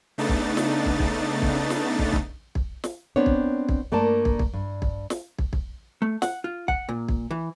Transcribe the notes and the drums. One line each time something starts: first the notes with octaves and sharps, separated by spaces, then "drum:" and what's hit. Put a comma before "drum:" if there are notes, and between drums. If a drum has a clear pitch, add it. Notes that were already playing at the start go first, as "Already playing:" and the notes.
C#3 A3 B3 D4 D#4 A6
drum: kick
drum: snare
drum: kick
drum: kick
drum: kick
drum: snare
drum: kick
drum: kick
drum: kick
drum: snare
B3 C4 D4 C#5
drum: kick
drum: kick
G2 A3 A#3 A#4 D5 A5
drum: kick
drum: kick
G2
drum: kick
drum: snare
drum: kick
drum: kick
A3
F#5, drum: snare
F4
F#5, drum: kick
A#2
drum: kick
E3